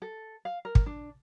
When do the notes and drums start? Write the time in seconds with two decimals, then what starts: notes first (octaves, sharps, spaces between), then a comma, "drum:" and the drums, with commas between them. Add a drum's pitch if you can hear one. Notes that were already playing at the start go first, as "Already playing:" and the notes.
0.02 A4
0.45 F5
0.65 A#4
0.75 drum: kick
0.86 D4